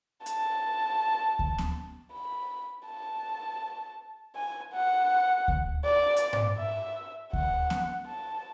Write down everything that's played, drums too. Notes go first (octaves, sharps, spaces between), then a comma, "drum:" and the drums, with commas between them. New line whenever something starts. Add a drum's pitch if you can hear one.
A5, drum: hi-hat
drum: kick D2
drum: snare B3
B5
A5
G#5
F#5
drum: kick D2
D5
drum: hi-hat
drum: tom G#2
E5
F#5, drum: kick D2
drum: snare B3
A5